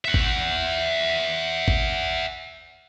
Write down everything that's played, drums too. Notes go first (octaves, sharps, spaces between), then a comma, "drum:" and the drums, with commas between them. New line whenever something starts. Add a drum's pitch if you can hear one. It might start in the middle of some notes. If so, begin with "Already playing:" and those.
E5 F#5
drum: kick G#1
drum: kick G#1